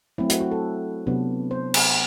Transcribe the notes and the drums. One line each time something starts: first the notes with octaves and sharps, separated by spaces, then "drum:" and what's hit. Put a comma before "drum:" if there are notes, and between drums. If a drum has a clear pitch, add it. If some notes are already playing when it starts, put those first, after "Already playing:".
F#3 A3 C4 E4
F#4, drum: hi-hat
F#4
A4
C3 F#3 B3 D4
C5
drum: cymbal